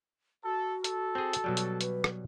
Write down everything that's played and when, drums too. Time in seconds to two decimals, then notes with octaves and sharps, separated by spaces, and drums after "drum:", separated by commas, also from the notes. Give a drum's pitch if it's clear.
0.44 F#4 A4
0.84 A4, drum: hi-hat
1.15 C4 G#4
1.33 drum: hi-hat
1.44 B2 F#3 G3
1.57 drum: hi-hat
1.81 B4, drum: hi-hat
2.04 drum: rim click